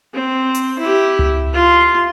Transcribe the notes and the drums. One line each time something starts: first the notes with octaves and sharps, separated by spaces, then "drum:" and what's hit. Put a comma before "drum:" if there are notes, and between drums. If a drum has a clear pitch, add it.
C4
drum: hi-hat
E4 G4
drum: tom C#2
F4 C6